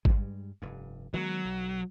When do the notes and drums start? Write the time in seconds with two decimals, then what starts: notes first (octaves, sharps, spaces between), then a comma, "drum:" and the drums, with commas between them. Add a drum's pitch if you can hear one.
0.05 G2 G3 G#3, drum: kick G#1
0.62 F1 G2
1.14 D#3 F#3 G#3 B3
1.45 B1